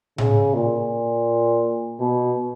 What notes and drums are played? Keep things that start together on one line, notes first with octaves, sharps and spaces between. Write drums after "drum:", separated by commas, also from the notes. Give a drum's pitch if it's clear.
C#3, drum: tom A2
A#2
B2